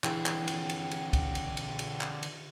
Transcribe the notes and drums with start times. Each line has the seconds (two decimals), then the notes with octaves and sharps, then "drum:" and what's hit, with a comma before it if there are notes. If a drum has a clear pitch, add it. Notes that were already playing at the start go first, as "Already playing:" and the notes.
0.04 D3 E3 G#4 G5, drum: clap
0.26 drum: clap
0.48 drum: cymbal
0.69 drum: cymbal
0.91 drum: cymbal
1.13 drum: kick C2, cymbal
1.35 drum: cymbal
1.57 drum: cymbal
1.79 drum: cymbal
2.01 drum: clap
2.23 drum: cymbal